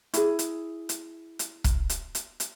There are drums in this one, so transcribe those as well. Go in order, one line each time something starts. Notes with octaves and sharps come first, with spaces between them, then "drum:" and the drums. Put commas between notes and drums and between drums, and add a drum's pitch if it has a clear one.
E4 G#4, drum: hi-hat
drum: hi-hat
drum: hi-hat
drum: hi-hat
drum: kick, hi-hat
drum: hi-hat
drum: hi-hat
drum: hi-hat